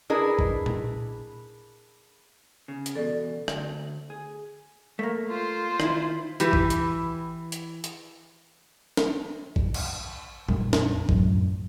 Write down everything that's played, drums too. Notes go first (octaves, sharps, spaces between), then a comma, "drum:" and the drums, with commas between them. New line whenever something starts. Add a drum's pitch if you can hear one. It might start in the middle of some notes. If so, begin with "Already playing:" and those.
D4 E4 G#4 A#4 B4 D#5
drum: kick A1
drum: tom A#2
C#3
drum: hi-hat
E2 B2 A4 D5
D2, drum: rim click
G#4
A3 A#3
F4 C5
D#3 E4, drum: rim click
E3 G4 B4, drum: hi-hat
drum: kick A1
drum: hi-hat
drum: hi-hat
drum: hi-hat
drum: snare
drum: kick A1
drum: cymbal
A#1 F2 G3, drum: tom A#2
drum: snare
F#2 A2, drum: kick A1